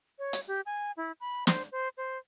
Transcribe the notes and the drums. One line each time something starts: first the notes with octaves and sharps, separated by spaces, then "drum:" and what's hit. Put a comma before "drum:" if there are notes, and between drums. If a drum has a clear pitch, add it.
C#5
drum: hi-hat
G4
G#5
E4
B5
C5, drum: snare
C5
C5